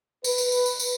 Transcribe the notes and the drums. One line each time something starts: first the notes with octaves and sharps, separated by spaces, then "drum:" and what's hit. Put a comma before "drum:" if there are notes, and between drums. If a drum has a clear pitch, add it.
B4, drum: tambourine
drum: tambourine
drum: tambourine
drum: tambourine
drum: tambourine